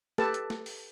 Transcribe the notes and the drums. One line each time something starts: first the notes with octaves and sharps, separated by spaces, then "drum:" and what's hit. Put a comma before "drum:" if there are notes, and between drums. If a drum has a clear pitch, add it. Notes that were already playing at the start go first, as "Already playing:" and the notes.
G4 A4 B4 A5, drum: snare A3
drum: hi-hat
drum: snare A3
drum: open hi-hat